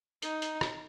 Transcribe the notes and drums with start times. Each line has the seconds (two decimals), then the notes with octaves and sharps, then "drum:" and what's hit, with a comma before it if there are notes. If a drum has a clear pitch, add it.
0.22 D#4, drum: hi-hat
0.42 drum: hi-hat
0.61 drum: rim click